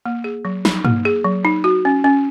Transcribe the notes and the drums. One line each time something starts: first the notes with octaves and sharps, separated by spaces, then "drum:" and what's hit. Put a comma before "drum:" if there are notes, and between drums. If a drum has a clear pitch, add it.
A#3
G#4
F#3
D#4, drum: snare
A#3, drum: tom
G#4
F#3
D#4
F#4
C#4
C#4